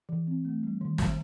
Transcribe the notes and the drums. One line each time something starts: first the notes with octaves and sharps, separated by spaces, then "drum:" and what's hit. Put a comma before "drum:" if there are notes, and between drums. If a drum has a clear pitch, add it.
E3
C4
A3
G3
D#3
D#3, drum: snare